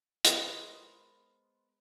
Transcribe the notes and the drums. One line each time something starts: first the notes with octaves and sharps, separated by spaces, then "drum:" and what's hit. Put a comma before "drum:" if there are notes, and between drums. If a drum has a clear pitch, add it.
G#3 B3 A#4 C5 D#5, drum: hi-hat